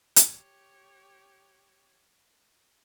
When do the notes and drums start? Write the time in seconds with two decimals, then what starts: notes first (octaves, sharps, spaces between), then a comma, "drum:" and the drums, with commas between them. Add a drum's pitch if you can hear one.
0.16 G4 C#5, drum: hi-hat